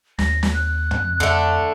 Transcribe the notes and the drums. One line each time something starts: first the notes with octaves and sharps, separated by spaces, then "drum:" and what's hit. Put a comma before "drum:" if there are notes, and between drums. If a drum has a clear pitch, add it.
D#2 A#6, drum: snare
drum: snare
F#6
drum: tom
F2 D3 A3